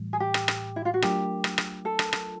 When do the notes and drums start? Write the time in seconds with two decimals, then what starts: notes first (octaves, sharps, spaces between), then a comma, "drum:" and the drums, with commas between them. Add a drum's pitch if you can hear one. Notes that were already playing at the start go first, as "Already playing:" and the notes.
Already playing: A2 E3 G3
0.13 G#4
0.20 G4
0.34 drum: rim click
0.48 drum: rim click
0.76 E4
0.85 F4
0.94 F#4
1.02 F#3 A3 D4 F4 G4 A#4, drum: rim click
1.44 drum: rim click
1.58 drum: rim click
1.85 A4
1.99 drum: rim click
2.13 drum: rim click